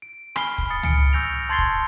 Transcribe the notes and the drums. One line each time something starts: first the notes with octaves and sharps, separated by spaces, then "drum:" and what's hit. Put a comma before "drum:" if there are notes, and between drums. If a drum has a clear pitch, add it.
D7
G#5 B5 F6 C7 G7, drum: rim click
drum: kick
B5 D#6 A6 C#7
G#5 F6 C#7 D7, drum: tom C#2
C#6 E6 G6 A#6 D7 F7
A5 C6 G#6 A6 C7 G7
drum: kick